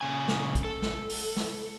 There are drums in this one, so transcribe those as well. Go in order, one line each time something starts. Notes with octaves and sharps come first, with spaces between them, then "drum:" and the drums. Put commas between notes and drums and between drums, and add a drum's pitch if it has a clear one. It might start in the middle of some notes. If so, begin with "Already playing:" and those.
A#2 C#3 G#5
drum: snare
drum: kick, hi-hat
A4
drum: snare
drum: open hi-hat
drum: snare